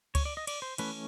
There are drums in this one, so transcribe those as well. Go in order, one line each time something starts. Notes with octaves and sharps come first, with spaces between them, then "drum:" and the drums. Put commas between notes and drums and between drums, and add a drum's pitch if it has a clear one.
C#5, drum: kick C#2, cymbal
D5
D#5
D5, drum: cymbal
C5
E3 A3 C#4 B4, drum: cymbal